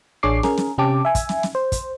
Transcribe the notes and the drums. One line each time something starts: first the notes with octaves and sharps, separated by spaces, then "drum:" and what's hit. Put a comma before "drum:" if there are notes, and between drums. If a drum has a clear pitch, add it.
A1 D4 G#4 C#5 D6 C7
C#4 G#4 A#4, drum: snare
drum: snare
C3 C#4 G4 A5 D6
E5 G#5
drum: kick, hi-hat
drum: snare
drum: snare
C5
drum: kick, hi-hat